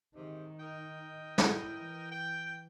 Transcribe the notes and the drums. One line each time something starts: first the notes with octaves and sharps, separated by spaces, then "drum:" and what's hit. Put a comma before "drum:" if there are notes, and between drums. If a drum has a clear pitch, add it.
G#2 C3 D#3 D#4
A#4 D#5 G5
E4, drum: snare
E3
G5